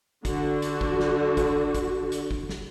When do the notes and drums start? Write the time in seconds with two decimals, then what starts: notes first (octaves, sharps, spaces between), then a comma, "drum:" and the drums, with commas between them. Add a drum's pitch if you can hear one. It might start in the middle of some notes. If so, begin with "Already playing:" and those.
0.25 D3 F#4, drum: kick, hi-hat
0.62 drum: hi-hat
0.81 drum: kick
1.00 drum: snare
1.37 drum: kick, hi-hat
1.75 drum: kick, hi-hat
2.12 drum: hi-hat
2.31 drum: kick
2.49 drum: snare